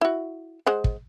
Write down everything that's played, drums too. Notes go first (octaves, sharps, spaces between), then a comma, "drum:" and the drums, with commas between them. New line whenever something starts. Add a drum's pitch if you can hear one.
E4 F#4
G#3 C5 F#5
drum: kick